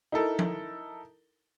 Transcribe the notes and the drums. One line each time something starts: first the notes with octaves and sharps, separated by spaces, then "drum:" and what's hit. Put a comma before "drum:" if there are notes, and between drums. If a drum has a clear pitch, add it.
D#4 E4 A4 A#4
drum: tom F3